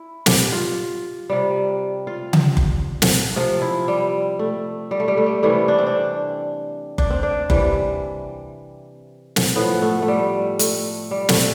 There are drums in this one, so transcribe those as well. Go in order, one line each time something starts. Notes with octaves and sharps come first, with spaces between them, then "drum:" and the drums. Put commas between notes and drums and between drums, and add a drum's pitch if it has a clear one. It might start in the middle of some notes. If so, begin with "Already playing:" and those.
Already playing: E4
G4, drum: snare
F4
C3 G3
F4
drum: tom C#3
drum: kick F#1
drum: snare
C3 F3 F4
E4
G3
A3
G3
A3
G3
A3
G3
C3 E3 G3 A3
D4
C4
D4
D4, drum: kick F#1
C4
D4
C3 E3 G3, drum: kick F#1
drum: snare
A2 F3 B3
A3
A3
G3
A3, drum: hi-hat
G3
A3, drum: snare